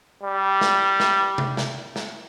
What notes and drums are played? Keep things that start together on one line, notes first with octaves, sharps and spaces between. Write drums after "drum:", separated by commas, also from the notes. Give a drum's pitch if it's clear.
G3
drum: snare
drum: snare
drum: tom C3
drum: snare
drum: snare